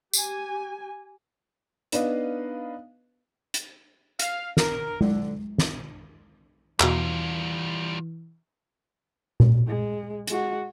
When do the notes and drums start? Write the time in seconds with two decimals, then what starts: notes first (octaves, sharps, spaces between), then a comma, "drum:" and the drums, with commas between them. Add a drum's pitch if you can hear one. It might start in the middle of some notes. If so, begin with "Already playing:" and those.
0.13 G4 G#5, drum: tambourine
1.92 B3 D4 D#4 B4 D#5 F5, drum: hi-hat
3.54 drum: hi-hat
4.19 F5, drum: hi-hat
4.57 A#4, drum: snare
5.01 D3, drum: tom G#3
5.58 drum: snare
6.80 E2 B2 E3 G3 F4, drum: clap
9.40 drum: tom A#2
9.67 G#3
10.27 G#3 F#4, drum: hi-hat